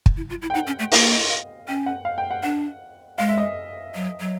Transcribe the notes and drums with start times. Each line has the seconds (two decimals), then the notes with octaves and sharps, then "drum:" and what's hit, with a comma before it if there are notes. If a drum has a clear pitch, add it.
0.06 drum: kick
0.17 E4
0.30 F4
0.42 E4
0.50 G5
0.54 D#4 F#5
0.67 C#4
0.79 A3
0.92 A#3 F5, drum: open hi-hat
1.11 D#5
1.30 F5
1.68 C#4 G5
1.86 F#5
2.05 F5
2.18 G5
2.31 F#5
2.43 D4 F#5
3.18 G#3 F5
3.29 E5
3.38 D#5
3.95 F#3
4.20 F#3